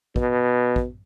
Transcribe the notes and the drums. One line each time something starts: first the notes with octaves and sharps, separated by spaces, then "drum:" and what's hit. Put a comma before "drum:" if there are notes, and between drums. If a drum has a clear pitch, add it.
B2, drum: kick
drum: kick